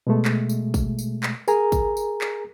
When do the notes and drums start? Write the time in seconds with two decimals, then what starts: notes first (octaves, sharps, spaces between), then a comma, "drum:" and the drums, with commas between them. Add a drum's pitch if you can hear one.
0.07 B2 G#3 A3
0.25 drum: clap
0.50 drum: tambourine
0.74 drum: kick, tambourine
0.99 drum: tambourine
1.23 drum: clap
1.48 G#4 A#4 G#5 A#5, drum: tambourine
1.72 drum: kick, tambourine
1.97 drum: tambourine
2.21 drum: clap